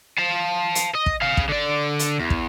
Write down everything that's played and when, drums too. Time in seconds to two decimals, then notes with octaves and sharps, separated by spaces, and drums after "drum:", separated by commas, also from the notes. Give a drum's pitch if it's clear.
0.19 F5 A5
0.75 drum: hi-hat
0.95 D#5
1.06 drum: kick
1.22 G#4 F5
1.37 drum: kick
1.49 D3 D5
1.99 drum: hi-hat
2.19 E2
2.30 drum: kick